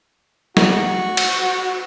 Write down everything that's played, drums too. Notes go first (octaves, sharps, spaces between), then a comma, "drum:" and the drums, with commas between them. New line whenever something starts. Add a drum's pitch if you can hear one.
F#4, drum: snare
drum: cymbal